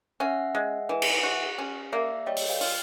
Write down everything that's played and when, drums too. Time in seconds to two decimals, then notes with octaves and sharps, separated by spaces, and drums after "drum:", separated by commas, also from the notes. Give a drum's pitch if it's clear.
0.20 C#4 E5 F#5
0.55 G#3
0.89 E3
1.02 drum: cymbal
1.23 F#4
1.58 C#4
1.92 A#3 D5 E5
2.26 G3 C#5 D#5
2.37 drum: open hi-hat
2.49 F5 G5
2.61 F4, drum: open hi-hat